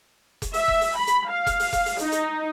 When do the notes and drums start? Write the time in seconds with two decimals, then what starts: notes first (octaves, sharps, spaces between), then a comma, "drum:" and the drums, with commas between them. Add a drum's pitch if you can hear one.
0.42 drum: kick F1, hi-hat
0.53 E5, drum: open hi-hat
0.68 drum: kick F1
0.81 drum: open hi-hat
0.97 B5
1.07 drum: hi-hat
1.29 F5
1.46 drum: kick F1, hi-hat
1.60 drum: open hi-hat
1.73 drum: kick F1, hi-hat
1.86 drum: open hi-hat
1.99 D#4, drum: hi-hat
2.12 drum: hi-hat